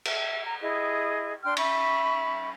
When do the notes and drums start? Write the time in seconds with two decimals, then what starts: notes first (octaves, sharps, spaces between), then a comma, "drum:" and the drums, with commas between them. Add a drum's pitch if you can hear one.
0.05 E5, drum: cymbal
0.45 A#5
0.60 E4 G#4 D#5
1.43 D4 G5 C6 F6
1.57 E5 B5 C#6, drum: cymbal